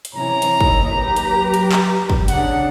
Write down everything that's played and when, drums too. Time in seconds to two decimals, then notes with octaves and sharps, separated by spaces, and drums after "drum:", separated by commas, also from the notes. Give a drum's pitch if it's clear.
0.05 drum: hi-hat
0.15 C3 E3 C#4 A#5
0.42 drum: hi-hat
0.61 D#2 E4 D#5, drum: kick
0.93 F#3 G4 B4
1.16 drum: hi-hat
1.54 drum: hi-hat
1.72 drum: clap
2.10 drum: kick
2.28 C#3 D4 F#5, drum: hi-hat